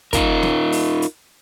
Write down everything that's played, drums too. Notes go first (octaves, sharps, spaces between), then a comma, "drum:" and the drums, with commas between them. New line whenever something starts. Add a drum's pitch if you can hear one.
D#4 F4 A#4, drum: kick, hi-hat
drum: snare
drum: open hi-hat
drum: hi-hat